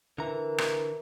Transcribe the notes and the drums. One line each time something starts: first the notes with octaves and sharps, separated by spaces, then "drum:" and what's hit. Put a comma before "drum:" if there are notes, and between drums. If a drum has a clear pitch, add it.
D3 E3 A#4 A#5
drum: rim click